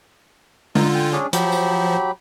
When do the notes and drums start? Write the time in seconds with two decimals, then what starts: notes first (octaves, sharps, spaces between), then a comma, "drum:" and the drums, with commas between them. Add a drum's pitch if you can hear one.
0.75 D3 D#4 F4, drum: tom G#3
0.94 G5 G#5
1.13 C#4 D4 G#4
1.33 F3 F#3 G4 B5, drum: hi-hat
1.52 drum: tambourine